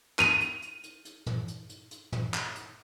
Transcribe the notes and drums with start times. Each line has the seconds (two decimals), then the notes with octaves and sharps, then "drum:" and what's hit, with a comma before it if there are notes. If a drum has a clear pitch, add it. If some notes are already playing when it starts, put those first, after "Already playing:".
0.19 D#7 F7, drum: clap
0.40 drum: hi-hat
0.62 drum: hi-hat
0.83 drum: hi-hat
1.05 drum: hi-hat
1.26 drum: tom
1.48 drum: hi-hat
1.69 drum: hi-hat
1.91 drum: hi-hat
2.12 drum: tom
2.34 drum: clap
2.55 drum: hi-hat